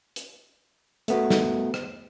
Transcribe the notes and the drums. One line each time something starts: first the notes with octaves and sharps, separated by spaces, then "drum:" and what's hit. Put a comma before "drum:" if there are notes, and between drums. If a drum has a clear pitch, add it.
drum: hi-hat
A3 B3 F#4, drum: hi-hat
drum: snare
drum: rim click